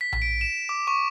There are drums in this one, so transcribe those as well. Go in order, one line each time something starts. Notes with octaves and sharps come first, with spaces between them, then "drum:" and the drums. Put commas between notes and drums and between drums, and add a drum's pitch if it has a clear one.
B6
drum: tom A#1
D7
E7
D6
C#6